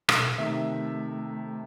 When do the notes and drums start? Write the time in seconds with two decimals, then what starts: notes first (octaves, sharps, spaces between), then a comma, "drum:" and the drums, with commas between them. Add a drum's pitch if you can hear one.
0.09 B2 A4, drum: rim click
0.38 C3 D#3 A3 E5